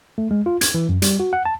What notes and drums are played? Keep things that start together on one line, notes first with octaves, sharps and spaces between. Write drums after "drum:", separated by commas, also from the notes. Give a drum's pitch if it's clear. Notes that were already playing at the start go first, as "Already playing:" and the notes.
A3
G#3
F4
G#6, drum: hi-hat
E3
F#2
G3, drum: hi-hat
F#4
F#5
A5